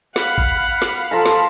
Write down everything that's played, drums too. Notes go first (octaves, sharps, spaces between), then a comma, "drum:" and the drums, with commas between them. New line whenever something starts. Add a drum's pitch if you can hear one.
F5 F#5 B5, drum: snare
drum: kick
drum: snare
F3 A4 A5 A#5
drum: snare